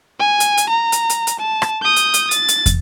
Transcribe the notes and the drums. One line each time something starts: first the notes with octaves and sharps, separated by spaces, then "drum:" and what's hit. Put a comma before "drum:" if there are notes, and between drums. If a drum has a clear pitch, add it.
G#5
drum: hi-hat
drum: hi-hat
A#5
drum: hi-hat
drum: hi-hat
drum: hi-hat
A5
drum: rim click
D#6 G6
drum: hi-hat
drum: hi-hat
A6, drum: hi-hat
drum: hi-hat
drum: kick, hi-hat